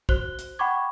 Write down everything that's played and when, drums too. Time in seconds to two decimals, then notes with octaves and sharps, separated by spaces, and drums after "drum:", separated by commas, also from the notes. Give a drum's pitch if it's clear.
0.09 F#4 C5 F#6 G7, drum: kick
0.39 drum: hi-hat
0.59 F#5 G5 B5 C#6 D6 G#6